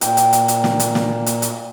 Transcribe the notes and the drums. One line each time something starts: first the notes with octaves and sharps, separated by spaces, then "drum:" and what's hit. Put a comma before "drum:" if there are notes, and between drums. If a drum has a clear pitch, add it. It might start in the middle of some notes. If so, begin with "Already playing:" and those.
A#2 G5, drum: hi-hat
drum: hi-hat
drum: hi-hat
drum: hi-hat
drum: snare
drum: hi-hat
drum: snare
drum: hi-hat
drum: hi-hat